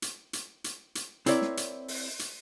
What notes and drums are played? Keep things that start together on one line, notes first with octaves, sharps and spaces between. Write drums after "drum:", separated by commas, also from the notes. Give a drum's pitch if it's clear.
drum: hi-hat
drum: hi-hat
drum: hi-hat
drum: hi-hat
C4 E4 A#4 C#5 D5, drum: hi-hat
drum: snare
drum: hi-hat
drum: open hi-hat
drum: hi-hat